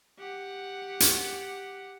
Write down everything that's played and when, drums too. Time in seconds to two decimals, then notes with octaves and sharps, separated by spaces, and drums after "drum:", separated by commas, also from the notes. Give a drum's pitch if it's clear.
0.19 G4 F#5
1.00 drum: hi-hat